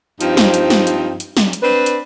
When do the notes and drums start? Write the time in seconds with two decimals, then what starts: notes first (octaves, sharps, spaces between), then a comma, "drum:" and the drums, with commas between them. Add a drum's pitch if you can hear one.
0.21 G2 F3 C4 D#4, drum: hi-hat
0.37 drum: snare
0.54 drum: hi-hat
0.70 drum: snare
0.87 drum: hi-hat
1.20 drum: hi-hat
1.37 drum: snare
1.53 drum: hi-hat
1.62 C4 D4 B4
1.86 drum: hi-hat